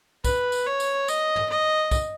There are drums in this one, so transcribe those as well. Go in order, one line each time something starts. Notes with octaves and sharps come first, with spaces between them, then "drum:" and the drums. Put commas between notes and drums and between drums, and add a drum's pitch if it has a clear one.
B4, drum: kick, tambourine
drum: tambourine
C#5
drum: tambourine
D#5, drum: tambourine
drum: tom
D#5
drum: kick, tambourine